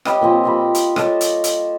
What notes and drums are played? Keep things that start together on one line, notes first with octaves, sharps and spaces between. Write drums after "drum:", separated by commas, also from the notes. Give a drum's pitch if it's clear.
G4 C#5 D#5 B5, drum: rim click
A#2 F3 C4 D#5
F4 G4 B5
drum: hi-hat
A4 C#5 D#5 A5, drum: rim click
drum: hi-hat
drum: hi-hat